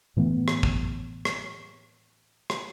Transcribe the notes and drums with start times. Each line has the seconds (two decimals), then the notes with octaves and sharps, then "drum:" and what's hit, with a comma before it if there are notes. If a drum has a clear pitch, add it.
0.17 A2 E3 A3 B3
0.48 drum: rim click
0.63 drum: kick
1.25 drum: rim click
2.50 drum: rim click